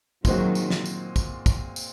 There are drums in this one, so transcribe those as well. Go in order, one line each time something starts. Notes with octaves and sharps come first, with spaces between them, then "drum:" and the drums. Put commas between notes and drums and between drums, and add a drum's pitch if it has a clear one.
A#2 D#3 F#3 G#3 C4 F#4, drum: kick, tambourine
drum: tambourine
drum: snare
drum: tambourine
drum: kick, tambourine
drum: kick, tambourine
drum: tambourine